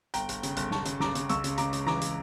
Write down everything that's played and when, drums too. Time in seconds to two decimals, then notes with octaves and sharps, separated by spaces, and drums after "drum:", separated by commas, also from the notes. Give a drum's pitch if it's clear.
0.14 G1 G5 A#5, drum: hi-hat
0.29 G1, drum: hi-hat
0.43 C#3, drum: hi-hat
0.57 G1, drum: hi-hat
0.71 G1 A5 C#6, drum: snare
0.85 C#3, drum: hi-hat
1.00 C#3 A#5 D6, drum: snare
1.15 C#3, drum: hi-hat
1.29 C#2 C#6 E6, drum: hi-hat
1.44 C#3, drum: hi-hat
1.58 C#3 A#5 D6, drum: hi-hat
1.73 C#3, drum: hi-hat
1.86 E3 A#5 D6, drum: snare
2.02 drum: hi-hat